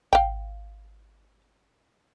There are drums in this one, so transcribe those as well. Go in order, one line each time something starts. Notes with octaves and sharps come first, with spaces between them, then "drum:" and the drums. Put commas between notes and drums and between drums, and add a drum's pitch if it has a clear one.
F5 G5, drum: kick G#1